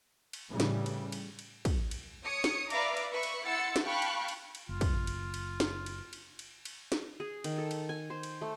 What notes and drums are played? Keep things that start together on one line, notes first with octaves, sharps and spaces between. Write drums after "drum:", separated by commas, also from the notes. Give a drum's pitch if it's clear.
drum: cymbal
A2 C#3 E3 G3
drum: snare
drum: cymbal
drum: cymbal
drum: cymbal
drum: kick, cymbal
drum: cymbal
C#5 D#6 C#7
drum: snare
B4 D5 E5 F5 A#5 D6, drum: cymbal
drum: cymbal
B4 E5 B5 C#6
drum: cymbal
E4 F#5 C6 E6 A6 C#7
drum: snare
F5 G5 A5 B5 C#6 F#6
drum: cymbal
drum: cymbal
drum: cymbal
F#1 F4
drum: kick, cymbal
drum: cymbal
drum: cymbal
drum: snare
drum: cymbal
drum: cymbal
drum: cymbal
drum: cymbal
drum: snare
G#4
D#3, drum: cymbal
A4
drum: cymbal
G#5
C5
drum: cymbal
A3